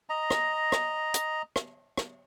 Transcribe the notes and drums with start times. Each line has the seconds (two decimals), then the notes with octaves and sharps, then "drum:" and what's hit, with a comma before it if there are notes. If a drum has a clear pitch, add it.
0.10 D#5 A#5
0.30 drum: rim click
0.72 drum: rim click
1.14 drum: hi-hat
1.56 drum: rim click
1.97 drum: rim click